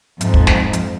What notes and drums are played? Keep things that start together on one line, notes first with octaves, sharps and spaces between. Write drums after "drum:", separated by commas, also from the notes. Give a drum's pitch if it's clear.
F2 G#2, drum: hi-hat
drum: kick
drum: snare
drum: hi-hat